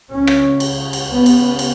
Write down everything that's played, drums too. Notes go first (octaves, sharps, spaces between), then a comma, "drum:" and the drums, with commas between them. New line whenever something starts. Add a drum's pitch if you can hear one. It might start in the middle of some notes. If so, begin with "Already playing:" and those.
C#2 C#3 C#4
drum: rim click
drum: cymbal
drum: cymbal
C#2 C#3 B3
drum: cymbal
drum: cymbal